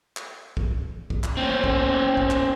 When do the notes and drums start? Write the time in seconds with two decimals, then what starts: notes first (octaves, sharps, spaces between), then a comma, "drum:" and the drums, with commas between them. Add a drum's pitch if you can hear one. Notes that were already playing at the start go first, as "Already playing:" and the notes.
0.17 drum: clap
0.57 drum: kick
1.10 drum: kick
1.24 drum: clap
1.37 C4 C#4
1.64 drum: kick
2.17 drum: kick
2.31 drum: clap